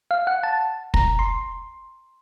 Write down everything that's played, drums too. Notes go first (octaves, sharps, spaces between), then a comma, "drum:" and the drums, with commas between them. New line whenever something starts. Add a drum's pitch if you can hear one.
F5
F#5
A5
A#5, drum: kick
C6